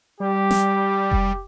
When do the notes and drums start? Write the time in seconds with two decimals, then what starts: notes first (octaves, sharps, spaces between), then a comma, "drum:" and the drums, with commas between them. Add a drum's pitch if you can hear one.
0.20 G3 G4
0.51 drum: snare
1.12 drum: kick F1